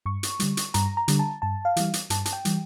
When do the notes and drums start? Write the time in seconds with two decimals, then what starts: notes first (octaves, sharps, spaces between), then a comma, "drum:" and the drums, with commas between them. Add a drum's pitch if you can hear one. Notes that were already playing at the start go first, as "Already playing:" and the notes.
0.06 G2 C#6
0.23 drum: hi-hat
0.40 D3 G3, drum: hi-hat
0.57 drum: hi-hat
0.74 G2 A#5, drum: hi-hat
0.97 A#5
1.08 D3 G3, drum: hi-hat
1.19 A5
1.42 G2 A5
1.65 F5
1.76 E3 G3, drum: hi-hat
1.94 drum: hi-hat
2.10 G2 A5, drum: hi-hat
2.25 A5, drum: hi-hat
2.33 G5
2.45 E3 G3, drum: hi-hat